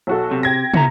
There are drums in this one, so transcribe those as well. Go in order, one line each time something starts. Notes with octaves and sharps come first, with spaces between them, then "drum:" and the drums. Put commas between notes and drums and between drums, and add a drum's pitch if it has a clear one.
B1 F#4 A4
C3
G5 G#6 A#6
B2 E4 A#5 C#7, drum: tom